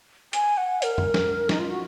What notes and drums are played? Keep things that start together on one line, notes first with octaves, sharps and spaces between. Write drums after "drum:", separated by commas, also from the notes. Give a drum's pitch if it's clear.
G#5, drum: hi-hat
F#5
A#4, drum: hi-hat
drum: tom F2
drum: snare
D#4, drum: snare
F4
F#4